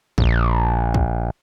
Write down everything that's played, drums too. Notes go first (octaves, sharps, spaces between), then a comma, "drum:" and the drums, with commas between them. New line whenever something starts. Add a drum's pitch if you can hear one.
A#1, drum: kick
drum: kick